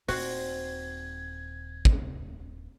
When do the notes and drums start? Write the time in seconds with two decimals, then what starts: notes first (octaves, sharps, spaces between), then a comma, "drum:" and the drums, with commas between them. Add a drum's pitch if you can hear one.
0.08 D#1 C4 F4 F#4 G#6, drum: open hi-hat
1.85 drum: kick